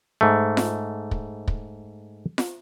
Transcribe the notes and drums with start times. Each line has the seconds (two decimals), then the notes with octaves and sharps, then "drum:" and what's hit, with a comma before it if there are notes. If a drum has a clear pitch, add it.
0.21 G#2 A3
0.57 drum: snare F4
1.11 drum: kick
1.47 drum: kick
2.38 drum: snare F4